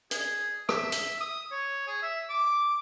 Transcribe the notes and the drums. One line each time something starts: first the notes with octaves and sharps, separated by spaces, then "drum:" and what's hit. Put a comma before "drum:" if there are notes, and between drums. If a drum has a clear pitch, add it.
G#4, drum: hi-hat
E5, drum: rim click
drum: hi-hat
D#6
C#5
G#4
E5
D6